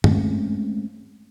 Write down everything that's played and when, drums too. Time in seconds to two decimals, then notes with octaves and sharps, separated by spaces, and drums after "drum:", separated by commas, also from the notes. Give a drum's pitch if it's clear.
0.04 G#3 A3 C4 C#4, drum: tom